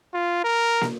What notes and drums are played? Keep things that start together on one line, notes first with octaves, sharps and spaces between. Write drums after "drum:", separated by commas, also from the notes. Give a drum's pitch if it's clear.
F4
A#4
drum: snare